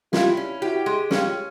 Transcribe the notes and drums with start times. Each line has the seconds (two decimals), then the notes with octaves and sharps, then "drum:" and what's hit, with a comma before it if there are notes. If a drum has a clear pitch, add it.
0.13 E4 F4 G4, drum: snare
0.37 C#4
0.62 E4 F#4 G4
0.86 G#3
1.11 C#4 F4 G4, drum: snare